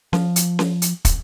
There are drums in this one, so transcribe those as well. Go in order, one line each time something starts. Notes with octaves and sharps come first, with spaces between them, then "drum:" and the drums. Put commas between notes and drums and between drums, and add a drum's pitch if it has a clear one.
F3, drum: snare C#4
drum: hi-hat
drum: snare C#4
drum: hi-hat
drum: kick, hi-hat